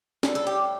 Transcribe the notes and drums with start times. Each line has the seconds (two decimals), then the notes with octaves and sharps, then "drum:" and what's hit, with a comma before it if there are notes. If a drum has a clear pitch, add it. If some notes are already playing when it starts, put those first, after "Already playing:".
0.23 A2 G3 A4, drum: snare
0.35 A4
0.47 G4